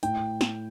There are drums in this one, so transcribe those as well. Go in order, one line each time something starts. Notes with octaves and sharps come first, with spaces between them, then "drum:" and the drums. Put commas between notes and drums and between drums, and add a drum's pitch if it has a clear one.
A2 G5, drum: hi-hat
drum: snare